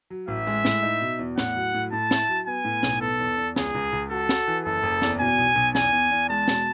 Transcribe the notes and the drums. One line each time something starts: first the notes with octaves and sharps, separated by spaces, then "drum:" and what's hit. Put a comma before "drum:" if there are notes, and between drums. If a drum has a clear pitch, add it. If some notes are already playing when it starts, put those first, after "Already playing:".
F#3
A1 E5
G#3
A2, drum: snare
D#4
B2
E2
A2 F#5, drum: snare
F#3
A2
A2 A5
E4, drum: snare
F#3
B3 G#5
A2
B1, drum: snare
B3 A4
E2
E2
C#2 G#4, drum: snare
C#2
C#2
F#4 A4
F#4, drum: snare
E3
F#1 A4
F#1
E2, drum: snare
B2 G#5
B1
B1
E2 G#5, drum: snare
E2
E2
G#3 A5
B2, drum: snare